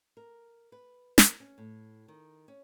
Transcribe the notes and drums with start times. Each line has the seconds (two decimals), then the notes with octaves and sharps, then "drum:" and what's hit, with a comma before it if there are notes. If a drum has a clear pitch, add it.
0.17 A#4
0.72 B4
1.18 A#4, drum: snare
1.40 C#4
1.58 A2
2.08 D#3
2.48 C#4